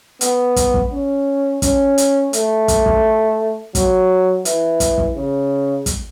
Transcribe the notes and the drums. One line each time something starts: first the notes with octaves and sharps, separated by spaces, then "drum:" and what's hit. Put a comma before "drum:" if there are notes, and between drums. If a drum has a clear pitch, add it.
B3, drum: hi-hat
drum: kick, hi-hat
drum: kick
C#4
C#4, drum: kick, hi-hat
drum: hi-hat
A3, drum: hi-hat
drum: kick, hi-hat
drum: kick
F#3, drum: kick, hi-hat
E3, drum: hi-hat
drum: kick, hi-hat
drum: kick
C#3
drum: kick, hi-hat